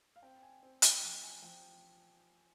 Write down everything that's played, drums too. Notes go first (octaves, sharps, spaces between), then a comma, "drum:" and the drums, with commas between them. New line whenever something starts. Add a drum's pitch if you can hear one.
F5
C4 G5
G#5
C4
G5, drum: hi-hat
F3 G#5
G#5
F3 G5